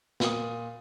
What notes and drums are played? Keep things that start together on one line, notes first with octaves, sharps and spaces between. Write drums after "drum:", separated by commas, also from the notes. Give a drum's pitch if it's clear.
A#2 D#6, drum: snare